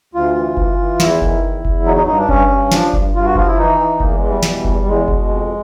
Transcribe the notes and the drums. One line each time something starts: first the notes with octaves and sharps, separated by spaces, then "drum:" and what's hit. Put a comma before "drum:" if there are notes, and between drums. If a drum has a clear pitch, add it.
D2 F4
E3
E3, drum: kick F#1
E3
E2 E4, drum: snare
D#3, drum: kick F#1
E2
E2, drum: kick F#1
F#3 D#4
D#4
G2 D#4
D4
G2 C#4, drum: kick F#1
G2
F3 D4, drum: snare
G2, drum: kick F#1
G2 F4
F#4
F3 F4, drum: kick F#1
E4
E3 D#4
E3
E2 A#3, drum: kick F#1
G#3
E3
G3
B2, drum: snare
E2, drum: kick F#1
E2 G#3
B2, drum: kick F#1
F2